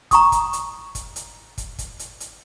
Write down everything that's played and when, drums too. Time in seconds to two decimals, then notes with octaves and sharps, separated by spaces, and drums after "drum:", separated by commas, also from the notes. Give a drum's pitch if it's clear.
0.11 A#5 C#6 D#6, drum: kick, hi-hat
0.32 drum: kick, hi-hat
0.53 drum: hi-hat
0.95 drum: kick, hi-hat
1.16 drum: hi-hat
1.58 drum: kick, hi-hat
1.79 drum: kick, hi-hat
1.99 drum: hi-hat
2.20 drum: hi-hat